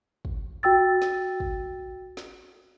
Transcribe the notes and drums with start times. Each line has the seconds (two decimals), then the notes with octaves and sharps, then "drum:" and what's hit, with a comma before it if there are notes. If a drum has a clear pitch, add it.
0.25 drum: kick
0.63 F#4 G5 E6 A6
1.02 drum: snare
1.40 drum: kick
2.17 drum: snare